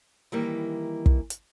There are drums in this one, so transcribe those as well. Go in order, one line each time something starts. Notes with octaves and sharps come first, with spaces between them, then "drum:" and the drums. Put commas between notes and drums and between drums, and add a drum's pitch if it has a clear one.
D#3 E3 G3 A#3
drum: kick
drum: hi-hat